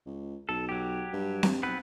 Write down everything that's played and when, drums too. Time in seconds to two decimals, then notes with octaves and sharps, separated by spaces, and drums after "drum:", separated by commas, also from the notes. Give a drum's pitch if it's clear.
0.06 C#2
0.49 B1 A4
0.69 F#3 G4
1.13 G2
1.43 drum: snare C4
1.63 B1 B3 C4 B4